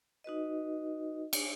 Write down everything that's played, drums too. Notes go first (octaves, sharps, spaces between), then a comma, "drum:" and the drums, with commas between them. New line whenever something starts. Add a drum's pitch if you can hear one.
D#4 F#4 B4 D#5
drum: cymbal